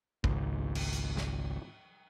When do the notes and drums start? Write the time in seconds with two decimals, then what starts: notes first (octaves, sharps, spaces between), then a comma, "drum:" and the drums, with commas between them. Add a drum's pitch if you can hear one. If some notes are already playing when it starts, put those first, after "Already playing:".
0.24 G#1 C#2, drum: kick
0.75 drum: cymbal
0.93 drum: hi-hat
1.17 drum: snare